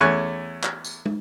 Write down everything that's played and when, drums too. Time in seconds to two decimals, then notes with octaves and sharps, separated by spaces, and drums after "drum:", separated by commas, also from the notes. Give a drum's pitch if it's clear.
0.01 E2 A3 C#4 G#5 C#6 F#6
0.63 drum: clap
0.84 drum: tambourine
1.05 drum: tom